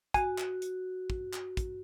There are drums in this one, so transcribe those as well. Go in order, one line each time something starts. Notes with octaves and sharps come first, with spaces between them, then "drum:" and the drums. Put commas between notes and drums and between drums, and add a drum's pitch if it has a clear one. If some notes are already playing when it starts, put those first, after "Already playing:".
F#4 G#5, drum: kick, hi-hat
drum: clap
drum: hi-hat
drum: kick
drum: clap
drum: kick, hi-hat